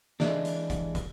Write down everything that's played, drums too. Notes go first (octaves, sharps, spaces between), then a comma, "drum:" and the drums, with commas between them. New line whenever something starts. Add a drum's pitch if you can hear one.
E3 G#3 D4, drum: snare
drum: hi-hat
drum: kick, hi-hat
drum: kick, hi-hat